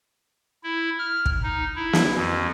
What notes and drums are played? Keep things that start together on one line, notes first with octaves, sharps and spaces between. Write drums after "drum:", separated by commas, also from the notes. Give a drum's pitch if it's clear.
E4
F6
drum: kick
D#4
E4
drum: snare
F2